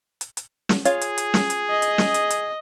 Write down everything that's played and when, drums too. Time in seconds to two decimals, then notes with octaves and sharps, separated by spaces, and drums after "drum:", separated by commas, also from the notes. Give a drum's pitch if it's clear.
0.21 drum: hi-hat
0.37 drum: hi-hat
0.69 drum: snare
0.85 F4 G#4 C#5 F5, drum: hi-hat
1.01 drum: hi-hat
1.18 drum: hi-hat
1.34 drum: snare
1.50 drum: hi-hat
1.70 D#5
1.82 drum: hi-hat
1.98 drum: snare
2.14 drum: hi-hat
2.30 drum: hi-hat